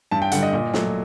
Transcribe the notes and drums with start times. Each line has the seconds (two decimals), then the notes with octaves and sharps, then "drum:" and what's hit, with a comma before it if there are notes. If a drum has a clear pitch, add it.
0.11 G2 A5
0.22 G5
0.32 D3 G3 F#5, drum: hi-hat
0.43 D#5
0.53 A#2
0.74 F#3 A3, drum: snare